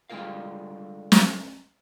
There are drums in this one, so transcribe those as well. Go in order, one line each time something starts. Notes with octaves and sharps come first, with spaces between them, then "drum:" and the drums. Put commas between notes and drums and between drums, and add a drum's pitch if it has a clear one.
D3 G3 G#3 F4 A#4 F5
drum: snare